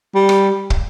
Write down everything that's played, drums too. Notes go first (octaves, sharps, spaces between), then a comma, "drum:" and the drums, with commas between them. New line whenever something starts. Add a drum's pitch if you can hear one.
G3
drum: rim click
drum: kick